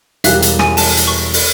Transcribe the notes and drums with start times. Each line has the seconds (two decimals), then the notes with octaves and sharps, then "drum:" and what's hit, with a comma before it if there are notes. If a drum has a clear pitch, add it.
0.24 E1 G3 E5 F5 F#6, drum: hi-hat
0.42 drum: hi-hat
0.59 G#5 D#7, drum: rim click
0.77 A5, drum: open hi-hat
0.97 drum: hi-hat
1.07 C#6
1.34 drum: open hi-hat